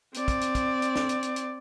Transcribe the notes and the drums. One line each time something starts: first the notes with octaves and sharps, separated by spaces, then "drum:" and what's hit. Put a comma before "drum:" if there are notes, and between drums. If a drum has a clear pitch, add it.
C4 D5, drum: hi-hat
drum: kick, hi-hat
drum: hi-hat
drum: kick, hi-hat
drum: hi-hat
drum: snare
drum: hi-hat
drum: hi-hat
drum: hi-hat